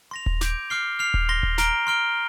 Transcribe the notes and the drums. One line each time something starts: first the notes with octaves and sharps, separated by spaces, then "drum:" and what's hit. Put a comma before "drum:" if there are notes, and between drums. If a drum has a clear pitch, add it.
C6 A#6 F7
drum: kick D#1
D6 G6 D7, drum: snare
D6 F6 C7 G7
F6 C7 F7
drum: kick D#1
C6 A#6 G7
drum: kick D#1
A#5 F6 D7 G7, drum: snare
C6 F6 D7 G7